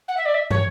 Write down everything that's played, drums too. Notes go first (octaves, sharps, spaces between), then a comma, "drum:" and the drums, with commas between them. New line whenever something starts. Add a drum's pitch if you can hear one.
F#5
E5
D5
E5
C#5, drum: tom